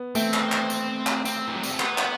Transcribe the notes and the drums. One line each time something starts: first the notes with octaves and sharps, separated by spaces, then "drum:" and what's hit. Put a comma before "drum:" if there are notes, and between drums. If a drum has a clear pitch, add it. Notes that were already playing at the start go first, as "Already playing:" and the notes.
Already playing: B3
A3 C4, drum: tambourine
drum: clap
drum: clap
drum: tambourine
drum: clap
C4, drum: tambourine
E3
F#3
G3, drum: tambourine
A3
B3, drum: clap
drum: clap